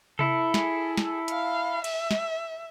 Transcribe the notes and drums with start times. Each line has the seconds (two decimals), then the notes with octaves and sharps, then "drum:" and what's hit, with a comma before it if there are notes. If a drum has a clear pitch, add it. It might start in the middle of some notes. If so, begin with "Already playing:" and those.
0.19 E4 A4, drum: tom C3
0.54 G#4, drum: snare
0.98 drum: snare
1.28 F5, drum: hi-hat
1.84 E5, drum: cymbal
2.11 drum: snare